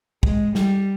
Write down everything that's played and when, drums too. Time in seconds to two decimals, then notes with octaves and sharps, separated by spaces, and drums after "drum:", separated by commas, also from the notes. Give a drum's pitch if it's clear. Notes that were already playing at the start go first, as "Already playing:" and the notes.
0.23 G#3, drum: kick
0.55 G3, drum: snare